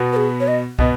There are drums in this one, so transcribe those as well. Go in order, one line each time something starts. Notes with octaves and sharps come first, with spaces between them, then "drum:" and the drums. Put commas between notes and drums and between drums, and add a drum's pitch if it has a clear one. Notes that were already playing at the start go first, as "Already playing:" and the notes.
Already playing: B2 B3 F#4
B4
G#4
C#5
D#5
B2 B3 D#5, drum: kick